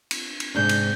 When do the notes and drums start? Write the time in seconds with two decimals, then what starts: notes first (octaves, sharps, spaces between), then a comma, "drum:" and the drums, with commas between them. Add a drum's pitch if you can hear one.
0.11 drum: cymbal
0.40 drum: cymbal
0.55 G#2 C3 D4 G6
0.69 drum: cymbal